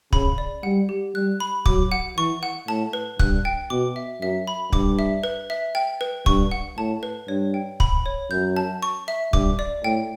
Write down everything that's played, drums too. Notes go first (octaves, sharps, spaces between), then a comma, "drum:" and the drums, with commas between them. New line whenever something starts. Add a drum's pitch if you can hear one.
C#3 B5, drum: kick
D5
G3 F#5
G4
G3 F#6
B5
F#3 D6, drum: kick
F#5
E3 C#6
F#5
A2 A5
B4
G2 F#6, drum: kick
G5
B2 D6
E5
F#2 E5
B5
G2 D6, drum: kick
E5
B4
E5
G5
B4
G2 C#6, drum: kick
F#5
A2 A5
B4
G2 C#5
G5
B5, drum: kick
C#5
F#2 G6
A5
C#6
E5
G2 D6, drum: kick
D5
A2 G5